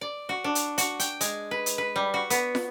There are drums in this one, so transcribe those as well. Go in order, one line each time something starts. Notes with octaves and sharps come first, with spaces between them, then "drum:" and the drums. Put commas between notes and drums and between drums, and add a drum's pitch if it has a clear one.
D5
F#4
D4
drum: hi-hat
F#4, drum: hi-hat
G5, drum: hi-hat
G#3, drum: hi-hat
B4
drum: hi-hat
B4
G3
F#4
B3, drum: hi-hat
drum: snare